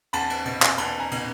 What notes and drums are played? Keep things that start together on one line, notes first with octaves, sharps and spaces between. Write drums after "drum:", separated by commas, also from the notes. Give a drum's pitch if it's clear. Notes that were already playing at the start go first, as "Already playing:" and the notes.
E2 A5 B5, drum: cymbal
drum: cymbal
B2, drum: cymbal
drum: clap
E2 A5 B5, drum: cymbal
G#5 A#5
B2, drum: cymbal